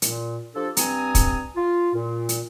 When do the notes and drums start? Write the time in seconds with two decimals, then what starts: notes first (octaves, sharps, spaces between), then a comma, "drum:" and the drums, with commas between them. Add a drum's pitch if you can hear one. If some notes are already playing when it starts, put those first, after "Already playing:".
0.02 A#2, drum: hi-hat
0.55 F3 D4 G4 A4
0.77 G2 C4 G#5 A#5 D#6, drum: hi-hat
1.15 drum: kick, hi-hat
1.56 F4
1.94 A#2
2.29 drum: hi-hat